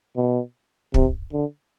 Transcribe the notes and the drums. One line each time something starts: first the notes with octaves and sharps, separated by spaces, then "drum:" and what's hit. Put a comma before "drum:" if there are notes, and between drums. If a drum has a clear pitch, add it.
B2
C3, drum: kick
D3